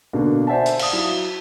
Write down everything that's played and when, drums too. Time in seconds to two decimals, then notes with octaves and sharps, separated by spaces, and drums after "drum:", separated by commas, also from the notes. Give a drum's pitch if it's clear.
0.13 B2 D3 A#3
0.47 C5 D5 E5 F#5 G#5 A5
0.66 drum: hi-hat
0.79 F5 D#6, drum: cymbal
0.93 F#3 E4